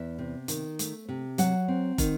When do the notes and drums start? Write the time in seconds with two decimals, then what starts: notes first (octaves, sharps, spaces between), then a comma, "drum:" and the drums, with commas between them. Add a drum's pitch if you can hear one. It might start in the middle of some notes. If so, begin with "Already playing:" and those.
Already playing: E2 E5
0.19 C3
0.48 D#3, drum: hi-hat
0.79 A3, drum: hi-hat
1.09 C3
1.38 F#3 F#5, drum: hi-hat
1.68 C4
1.98 D#3, drum: kick, hi-hat